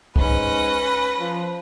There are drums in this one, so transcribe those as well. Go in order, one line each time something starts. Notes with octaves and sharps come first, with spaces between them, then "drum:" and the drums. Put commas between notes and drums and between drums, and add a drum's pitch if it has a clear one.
G#2 C#4 B4 A#6, drum: kick
F3